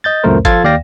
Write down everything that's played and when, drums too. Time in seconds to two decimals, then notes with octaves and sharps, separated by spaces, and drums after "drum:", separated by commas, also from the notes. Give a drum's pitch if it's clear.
0.04 D#5 G6 A6
0.24 C#2 F#2 A#2 A3 A#4 C5
0.45 F3 F4 A4 F5 G#6 A6, drum: kick G#1, hi-hat
0.64 D#2 D5 F5 G5 A#6